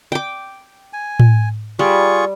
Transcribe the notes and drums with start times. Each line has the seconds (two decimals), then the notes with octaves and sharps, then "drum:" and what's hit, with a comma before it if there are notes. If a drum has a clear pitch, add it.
0.12 G5 D6
0.93 G#5
1.20 drum: tom A2
1.79 G3 F4 G#4 C#6